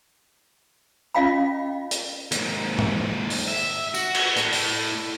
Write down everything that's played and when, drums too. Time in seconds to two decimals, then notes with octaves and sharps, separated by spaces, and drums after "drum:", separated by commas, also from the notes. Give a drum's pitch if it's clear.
1.15 C#4 F4 D#5 F5 G5 B5
1.91 drum: hi-hat
2.32 D#2 G#2, drum: hi-hat
2.78 drum: tom
3.30 drum: open hi-hat
3.48 E5
3.94 F#4, drum: tambourine
4.15 drum: cymbal
4.36 A2, drum: hi-hat
4.52 drum: open hi-hat